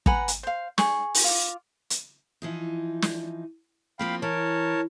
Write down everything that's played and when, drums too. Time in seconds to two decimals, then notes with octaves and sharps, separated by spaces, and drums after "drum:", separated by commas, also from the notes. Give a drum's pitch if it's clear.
0.06 B4 F#5 G#5 A#5, drum: kick
0.28 drum: hi-hat
0.43 C5 F5
0.78 G#4 C#6, drum: snare
1.14 drum: open hi-hat
1.24 F4 D6
1.90 drum: hi-hat
2.42 E3 F3 D#4
3.02 drum: snare
3.99 F3 A#3 C4 F5 G5 B5
4.22 E3 A#4 C#5 A5